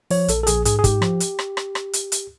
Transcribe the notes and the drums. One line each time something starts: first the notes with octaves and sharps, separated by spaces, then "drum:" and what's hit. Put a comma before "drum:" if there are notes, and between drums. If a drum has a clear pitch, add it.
F3 C#5, drum: open hi-hat
A#1 A4, drum: hi-hat
A4
A#1 G#4, drum: hi-hat
G#2 G#4, drum: hi-hat
G#4
G#2 G4, drum: kick, hi-hat
F3, drum: rim click
drum: hi-hat
drum: rim click
drum: rim click
drum: rim click
drum: hi-hat
drum: hi-hat